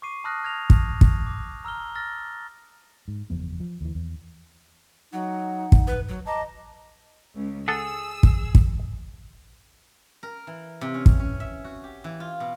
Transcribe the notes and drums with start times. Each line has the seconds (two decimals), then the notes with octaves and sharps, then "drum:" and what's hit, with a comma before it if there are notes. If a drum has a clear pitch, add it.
0.02 C#6 D6 C7 D#7
0.24 A5 B5 D#6 F6 F#6 A#6
0.43 F6 G#6 A#6 F7
0.70 drum: kick
1.01 drum: kick
1.27 D6
1.65 A#5 E6 F6 G7
1.95 E6 F6 A6 A#6
3.08 G#2
3.30 F#1 E2 F3 B3
3.60 F3
3.81 D#2 E3
3.95 E2
5.13 F#3 D#4 F#5
5.72 drum: kick
5.87 B4
6.08 F#3
6.26 D#5 A5 A#5 D6
7.35 C#2
7.68 G#4 A4 F#5 E6
8.23 drum: kick
8.55 drum: kick
10.23 A#4
10.47 E3
10.81 C3
10.94 C#4
11.06 drum: kick
11.20 C#4
11.40 E5
11.64 F#4
11.84 G4
12.04 E3
12.20 F4
12.40 B2